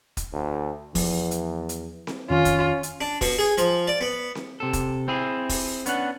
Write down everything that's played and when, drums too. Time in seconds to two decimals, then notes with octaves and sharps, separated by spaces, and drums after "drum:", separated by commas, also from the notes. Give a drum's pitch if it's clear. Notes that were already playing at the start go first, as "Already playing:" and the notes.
0.17 drum: kick, hi-hat
0.33 D2
0.95 E2 F3, drum: kick, open hi-hat
1.31 drum: hi-hat
1.69 drum: hi-hat
2.07 drum: snare C4
2.30 F2 D#3 C#4 F4
2.45 drum: kick, hi-hat
2.83 drum: hi-hat
3.01 D4
3.21 B2, drum: kick, open hi-hat
3.39 G#4
3.58 F3, drum: hi-hat
3.88 D5
4.01 B3
4.35 drum: snare C4
4.60 C3 A4
4.73 drum: kick, hi-hat
5.08 C4 E4 G#4
5.49 drum: kick, open hi-hat
5.86 B3 C#4 D4 F#5, drum: hi-hat